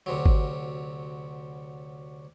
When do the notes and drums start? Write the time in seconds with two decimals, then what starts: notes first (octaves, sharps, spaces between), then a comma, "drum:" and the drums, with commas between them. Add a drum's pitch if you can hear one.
0.06 D2 C3 F#3
0.26 drum: kick G#1